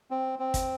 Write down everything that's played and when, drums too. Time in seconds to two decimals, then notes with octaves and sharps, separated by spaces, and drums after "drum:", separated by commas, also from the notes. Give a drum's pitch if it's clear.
0.11 C4
0.39 C4
0.54 drum: kick, hi-hat